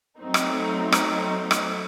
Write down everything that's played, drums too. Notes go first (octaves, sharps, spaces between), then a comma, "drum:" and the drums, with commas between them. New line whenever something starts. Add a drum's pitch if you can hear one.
F#3 A3 C4 D#4
drum: rim click
drum: rim click
drum: rim click